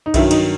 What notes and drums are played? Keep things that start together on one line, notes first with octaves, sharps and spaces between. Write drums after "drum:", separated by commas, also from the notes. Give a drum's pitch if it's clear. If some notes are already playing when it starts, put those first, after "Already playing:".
D#4
G2 D#3 F#3 E4, drum: kick B1, cymbal
D#4, drum: cymbal